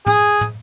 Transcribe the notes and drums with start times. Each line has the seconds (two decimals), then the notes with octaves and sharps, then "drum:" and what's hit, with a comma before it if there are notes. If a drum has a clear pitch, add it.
0.06 G#4, drum: tom
0.41 drum: tom